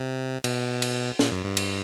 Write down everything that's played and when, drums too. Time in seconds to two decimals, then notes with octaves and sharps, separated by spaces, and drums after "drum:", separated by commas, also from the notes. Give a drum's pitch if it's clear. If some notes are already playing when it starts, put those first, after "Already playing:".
Already playing: C3
0.44 B2, drum: cymbal
0.82 drum: cymbal
1.19 A#2, drum: snare
1.32 F#2
1.44 G2
1.57 drum: cymbal